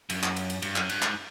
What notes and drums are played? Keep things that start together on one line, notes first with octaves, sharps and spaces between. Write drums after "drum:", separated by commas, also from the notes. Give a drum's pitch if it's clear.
F#2, drum: cymbal
drum: clap
drum: cymbal
drum: cymbal
G2, drum: cymbal
F#2, drum: clap
G2, drum: cymbal
G#2, drum: clap